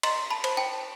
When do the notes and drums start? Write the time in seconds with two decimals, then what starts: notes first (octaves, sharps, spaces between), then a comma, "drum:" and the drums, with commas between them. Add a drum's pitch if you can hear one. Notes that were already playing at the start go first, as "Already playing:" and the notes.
0.03 D#5 A#5 C6, drum: cymbal
0.31 A5 B5
0.44 C5, drum: cymbal
0.57 G5 A5